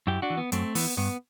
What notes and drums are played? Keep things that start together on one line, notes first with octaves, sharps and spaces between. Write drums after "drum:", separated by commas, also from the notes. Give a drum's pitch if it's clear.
F#2 E4 G4
D4 F#4
E3
B3
F#2 A3 C4, drum: hi-hat
E3 B3, drum: open hi-hat
G2 B3